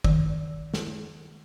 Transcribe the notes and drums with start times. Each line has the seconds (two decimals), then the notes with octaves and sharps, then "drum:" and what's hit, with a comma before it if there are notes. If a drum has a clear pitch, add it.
0.04 D#3, drum: kick
0.74 drum: snare